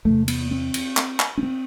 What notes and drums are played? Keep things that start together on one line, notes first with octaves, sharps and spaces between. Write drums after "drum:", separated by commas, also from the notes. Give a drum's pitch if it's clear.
E2 C3 A3
B3, drum: cymbal
C4
drum: cymbal
drum: clap
drum: clap
C#4
C4